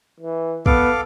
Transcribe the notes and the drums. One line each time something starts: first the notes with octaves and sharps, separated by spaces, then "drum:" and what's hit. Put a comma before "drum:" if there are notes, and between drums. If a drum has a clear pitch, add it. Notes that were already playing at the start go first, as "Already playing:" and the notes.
E3
B3 A4 F5 D6, drum: kick